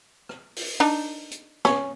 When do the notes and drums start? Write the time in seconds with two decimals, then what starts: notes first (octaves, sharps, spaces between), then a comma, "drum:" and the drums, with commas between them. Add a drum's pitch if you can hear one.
0.29 drum: rim click
0.56 drum: open hi-hat
0.80 D4 D#4
1.31 drum: hi-hat
1.65 C#4, drum: snare